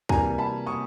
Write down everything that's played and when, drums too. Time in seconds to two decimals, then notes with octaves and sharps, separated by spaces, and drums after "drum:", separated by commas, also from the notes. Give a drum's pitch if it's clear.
0.09 C3 E3 G3 A#3 G#5 A#5, drum: kick
0.38 A5 B5
0.67 C#6 D#6